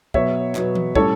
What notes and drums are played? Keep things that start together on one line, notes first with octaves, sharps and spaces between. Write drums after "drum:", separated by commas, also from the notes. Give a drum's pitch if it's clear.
B2 F#3 B3 C#5 E5, drum: kick
B2 F#3 B3, drum: clap
drum: tom E3
A2 G3 C#4 A4 C#5, drum: kick